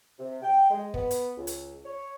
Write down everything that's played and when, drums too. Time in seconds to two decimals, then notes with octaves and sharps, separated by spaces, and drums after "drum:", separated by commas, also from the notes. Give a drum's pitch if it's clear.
0.19 C3
0.42 G5
0.71 G#3
0.94 B3, drum: kick
1.11 drum: hi-hat
1.36 C#2
1.47 drum: hi-hat
1.85 C#5